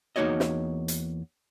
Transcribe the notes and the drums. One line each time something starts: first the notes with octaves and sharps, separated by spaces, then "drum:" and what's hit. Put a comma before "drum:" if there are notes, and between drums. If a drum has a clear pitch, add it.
E2 A#3 D#4 F#4 C#5 D#5
drum: snare
drum: hi-hat